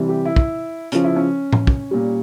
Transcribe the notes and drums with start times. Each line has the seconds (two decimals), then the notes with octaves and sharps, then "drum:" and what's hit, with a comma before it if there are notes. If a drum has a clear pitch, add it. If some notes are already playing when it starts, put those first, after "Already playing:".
Already playing: C3 E3 G3
0.09 G4
0.25 E4
0.36 drum: kick
0.92 C#3 F3 C#4, drum: hi-hat
1.04 E4
1.16 C#4
1.53 drum: tom A2
1.67 drum: kick
1.91 A#2 G3